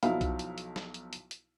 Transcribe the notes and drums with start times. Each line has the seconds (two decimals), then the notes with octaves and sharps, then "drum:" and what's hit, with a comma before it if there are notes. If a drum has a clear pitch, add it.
0.03 B1 F3 F#3 D#4 E4 F5, drum: hi-hat
0.21 drum: kick B1, hi-hat
0.39 drum: hi-hat
0.58 drum: hi-hat
0.76 drum: snare
0.94 drum: hi-hat
1.13 drum: hi-hat
1.31 drum: hi-hat